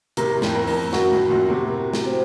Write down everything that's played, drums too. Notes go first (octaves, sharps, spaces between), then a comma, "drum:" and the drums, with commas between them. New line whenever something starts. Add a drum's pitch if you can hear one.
A2 C3 A#4, drum: hi-hat
F2 A2, drum: snare
A#4
F2 A2, drum: open hi-hat
F#2 F#4, drum: snare
F2 A2
F#2 A#2 F#4
A2 C3
A#4
drum: snare
C4